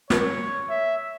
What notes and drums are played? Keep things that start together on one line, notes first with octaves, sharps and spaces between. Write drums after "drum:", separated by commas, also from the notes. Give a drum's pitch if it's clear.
C#5, drum: snare
E5